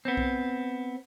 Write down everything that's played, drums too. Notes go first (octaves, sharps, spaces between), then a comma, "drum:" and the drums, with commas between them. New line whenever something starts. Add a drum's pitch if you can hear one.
B3 C4
drum: kick B1